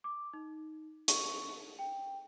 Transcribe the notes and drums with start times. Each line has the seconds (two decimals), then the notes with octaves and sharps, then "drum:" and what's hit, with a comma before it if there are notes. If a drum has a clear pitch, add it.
0.04 D6
0.34 D#4
1.08 C#6, drum: hi-hat
1.79 G5